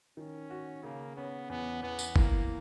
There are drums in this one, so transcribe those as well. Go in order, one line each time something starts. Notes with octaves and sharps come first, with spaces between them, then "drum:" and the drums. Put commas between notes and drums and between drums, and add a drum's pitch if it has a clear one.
D#3 C#4
F#4
C#3 A#3
B3 C#4
E2 B3
E2 B3
drum: tambourine
E3 A#3, drum: kick